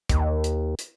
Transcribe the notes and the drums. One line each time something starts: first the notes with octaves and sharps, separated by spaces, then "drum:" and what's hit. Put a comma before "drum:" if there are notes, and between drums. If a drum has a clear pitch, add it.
D#2, drum: kick, hi-hat
drum: hi-hat
drum: hi-hat